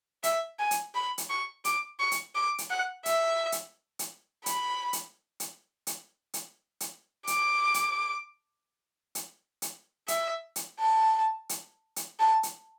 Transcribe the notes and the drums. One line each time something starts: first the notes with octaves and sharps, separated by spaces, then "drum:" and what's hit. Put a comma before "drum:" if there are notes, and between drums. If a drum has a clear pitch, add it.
E5, drum: hi-hat
G#5
drum: hi-hat
B5
drum: hi-hat
C#6
D6, drum: hi-hat
C#6
drum: hi-hat
D6
drum: hi-hat
F#5
E5, drum: hi-hat
drum: hi-hat
drum: hi-hat
B5, drum: hi-hat
drum: hi-hat
drum: hi-hat
drum: hi-hat
drum: hi-hat
drum: hi-hat
D6, drum: hi-hat
drum: hi-hat
drum: hi-hat
drum: hi-hat
E5, drum: hi-hat
drum: hi-hat
A5
drum: hi-hat
drum: hi-hat
A5
drum: hi-hat